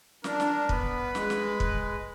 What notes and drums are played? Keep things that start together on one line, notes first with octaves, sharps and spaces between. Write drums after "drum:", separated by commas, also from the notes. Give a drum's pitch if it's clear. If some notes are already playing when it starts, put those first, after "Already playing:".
D4 A#4, drum: snare
drum: snare
B3 B4, drum: kick
G#3, drum: snare
drum: snare
drum: kick